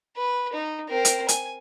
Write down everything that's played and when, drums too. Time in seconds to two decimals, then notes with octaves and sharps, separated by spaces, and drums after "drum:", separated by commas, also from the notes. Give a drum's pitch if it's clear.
0.17 B4
0.53 D#4
0.89 C4 A#4
1.05 drum: hi-hat
1.28 G#5, drum: hi-hat